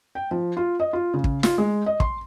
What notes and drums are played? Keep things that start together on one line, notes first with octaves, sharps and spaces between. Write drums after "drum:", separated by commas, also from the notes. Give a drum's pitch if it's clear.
G5
F3
F4
D#5
F4
C#3
drum: kick
F4, drum: snare
G#3
D#5
C6, drum: kick